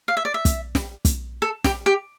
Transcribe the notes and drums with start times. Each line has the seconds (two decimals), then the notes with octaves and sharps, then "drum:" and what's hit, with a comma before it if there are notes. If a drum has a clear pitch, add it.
0.08 F5
0.17 E5
0.25 D5
0.34 E5
0.45 drum: kick, hi-hat
0.75 drum: snare
1.05 drum: kick, hi-hat
1.42 A4
1.64 G4, drum: snare
1.86 G4